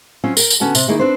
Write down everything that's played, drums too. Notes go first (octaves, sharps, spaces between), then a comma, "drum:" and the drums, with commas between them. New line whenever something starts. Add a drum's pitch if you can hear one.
F#3 C4 C#4 F4
A#4 G5, drum: tambourine
drum: tambourine
D3 B3 C#4 F#4 A5
C3, drum: tambourine
D#3 A#3 D#4 E4 G#4
C4 D4 B4 C5